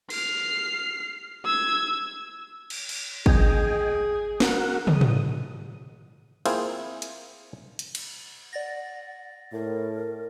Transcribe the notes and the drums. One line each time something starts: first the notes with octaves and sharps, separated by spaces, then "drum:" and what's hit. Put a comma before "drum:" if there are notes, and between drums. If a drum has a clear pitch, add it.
F6 C7, drum: cymbal
E6 G#6
drum: cymbal
drum: cymbal
G#4 D#5 G5 G#5, drum: kick
F#4 A#4 F#5, drum: snare
D#6, drum: tom
drum: tom
A#3 C4 E4 F4 G#4 C5, drum: cymbal
drum: hi-hat
drum: hi-hat
drum: cymbal
D5 F#5 A6 A#6
A2 A#4